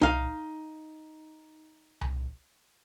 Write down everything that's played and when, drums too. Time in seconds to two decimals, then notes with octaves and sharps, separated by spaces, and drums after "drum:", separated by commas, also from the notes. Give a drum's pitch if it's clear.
0.02 D#4 F5, drum: tom C2
2.01 drum: tom C2